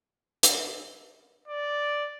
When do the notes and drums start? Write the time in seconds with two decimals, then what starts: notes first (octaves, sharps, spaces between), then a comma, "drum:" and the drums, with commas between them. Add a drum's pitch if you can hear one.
0.43 drum: hi-hat
1.48 D5